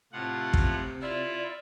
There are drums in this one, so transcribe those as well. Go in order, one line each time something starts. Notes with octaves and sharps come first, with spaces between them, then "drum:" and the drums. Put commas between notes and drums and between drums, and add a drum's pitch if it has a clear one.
A2 C3 F4 F#5
drum: kick
E4 F4 D5